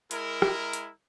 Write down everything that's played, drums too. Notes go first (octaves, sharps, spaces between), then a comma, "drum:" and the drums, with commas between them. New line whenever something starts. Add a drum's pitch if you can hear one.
G#3 E4 A#4, drum: hi-hat
drum: rim click
drum: hi-hat